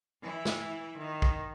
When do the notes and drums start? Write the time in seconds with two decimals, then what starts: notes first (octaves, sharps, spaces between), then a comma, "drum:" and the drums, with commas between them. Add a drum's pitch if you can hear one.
0.22 E3 E4
0.45 drum: snare
0.97 D#3
1.22 drum: kick